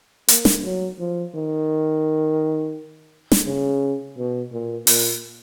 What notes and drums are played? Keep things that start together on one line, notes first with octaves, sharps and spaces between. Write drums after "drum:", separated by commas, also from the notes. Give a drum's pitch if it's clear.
A#3, drum: hi-hat
drum: snare
F#3
F3
D#3
drum: snare
C#3
B2
A#2
A#2, drum: open hi-hat